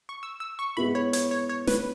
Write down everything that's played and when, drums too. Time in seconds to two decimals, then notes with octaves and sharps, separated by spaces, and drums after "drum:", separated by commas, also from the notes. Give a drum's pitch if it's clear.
0.09 C#6
0.23 E6
0.40 E6
0.59 C#6
0.77 G#3 B3 E4 B5
0.95 C#5
1.13 C#5, drum: hi-hat
1.31 C#5
1.49 C#5
1.67 B4, drum: snare